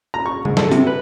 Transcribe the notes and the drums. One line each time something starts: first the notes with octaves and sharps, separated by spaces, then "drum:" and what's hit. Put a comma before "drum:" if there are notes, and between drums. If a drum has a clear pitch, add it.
A#5
C#6
G#2, drum: tom C#3
A4, drum: snare
C3, drum: hi-hat
B4